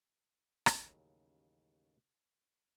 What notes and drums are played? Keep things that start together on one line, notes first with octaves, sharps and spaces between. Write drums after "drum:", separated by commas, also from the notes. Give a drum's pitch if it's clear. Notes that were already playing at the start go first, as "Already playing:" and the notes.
A1 D#2 C#3 F#3, drum: rim click